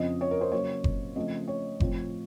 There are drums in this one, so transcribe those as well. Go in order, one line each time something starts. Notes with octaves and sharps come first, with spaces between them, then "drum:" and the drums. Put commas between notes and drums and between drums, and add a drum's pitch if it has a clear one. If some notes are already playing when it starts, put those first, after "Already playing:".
Already playing: F2 C#3 F3 C4 D#5
C#5
A#4
C5
C#3 F#3 A#3 C#5
drum: kick F#1
C#3 F3 A3 C4 D#5
C#5
A2 F3 C4, drum: kick F#1